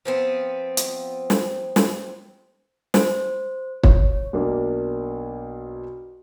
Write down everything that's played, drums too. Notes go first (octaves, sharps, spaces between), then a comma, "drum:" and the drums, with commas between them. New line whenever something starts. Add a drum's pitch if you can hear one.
F3 B3 C4
drum: hi-hat
drum: snare
drum: snare
C5, drum: snare
C#5, drum: kick
B1 A#3 D4